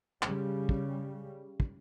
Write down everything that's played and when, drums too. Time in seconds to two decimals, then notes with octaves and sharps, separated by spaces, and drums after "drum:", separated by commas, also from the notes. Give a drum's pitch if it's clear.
0.23 C#3 G3, drum: clap
0.69 drum: kick
1.60 drum: kick